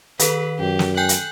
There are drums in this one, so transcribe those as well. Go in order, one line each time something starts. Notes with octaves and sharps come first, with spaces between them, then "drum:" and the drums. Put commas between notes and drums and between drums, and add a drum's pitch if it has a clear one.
D#3 A4 B4, drum: hi-hat
F#2 G4
drum: snare
G5 G#5 F#6 G6
drum: hi-hat